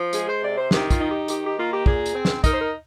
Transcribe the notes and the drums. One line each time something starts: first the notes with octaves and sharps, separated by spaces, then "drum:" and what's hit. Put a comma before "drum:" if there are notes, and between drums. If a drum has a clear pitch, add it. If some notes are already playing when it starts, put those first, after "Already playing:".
Already playing: F3
G#3 G#4, drum: hi-hat
C5
C3 D5
C5
D#3 G4, drum: snare
F4, drum: kick, hi-hat
D#4
G4
D#3 G4, drum: hi-hat
G4
A#3 F4
G4
A#2 G#4, drum: kick
drum: hi-hat
C4
drum: snare
D#4 A#4, drum: kick, hi-hat
C5
A#4